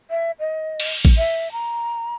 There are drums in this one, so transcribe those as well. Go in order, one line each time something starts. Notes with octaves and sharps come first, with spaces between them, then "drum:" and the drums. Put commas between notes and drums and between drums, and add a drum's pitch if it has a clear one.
E5
D#5
drum: cymbal
drum: kick A1
E5
A#5